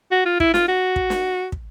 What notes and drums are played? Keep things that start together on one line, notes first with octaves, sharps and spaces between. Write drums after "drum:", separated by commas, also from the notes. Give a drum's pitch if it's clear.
F#4
F4
E4, drum: kick
F4, drum: snare
F#4
drum: kick
drum: snare
drum: kick